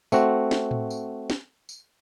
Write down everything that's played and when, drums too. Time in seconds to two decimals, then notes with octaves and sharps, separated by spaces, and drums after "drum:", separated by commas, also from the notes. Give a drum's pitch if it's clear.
0.12 A3 C4 F#4, drum: tambourine
0.51 drum: snare
0.71 drum: tom A2
0.90 drum: tambourine
1.30 drum: snare
1.69 drum: tambourine